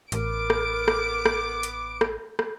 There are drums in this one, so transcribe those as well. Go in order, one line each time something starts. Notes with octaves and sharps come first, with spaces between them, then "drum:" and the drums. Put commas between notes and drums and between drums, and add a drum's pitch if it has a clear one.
A1 B3 A#4 D6 D7, drum: hi-hat
drum: rim click
drum: rim click
drum: rim click
drum: hi-hat
drum: rim click
drum: rim click